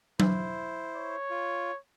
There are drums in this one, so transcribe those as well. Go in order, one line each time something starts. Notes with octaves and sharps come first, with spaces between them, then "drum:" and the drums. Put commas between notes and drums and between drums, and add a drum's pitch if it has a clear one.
E4 C5, drum: tom F#3
C#5
F4